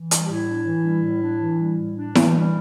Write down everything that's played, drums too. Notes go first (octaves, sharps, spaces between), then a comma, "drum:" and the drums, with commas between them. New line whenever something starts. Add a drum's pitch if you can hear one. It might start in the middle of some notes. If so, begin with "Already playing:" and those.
Already playing: E3
G3, drum: hi-hat
G4
A2 E4
D4
E3
G3
A2
D4
E3
G3
A2
D4
E3, drum: snare E4
G3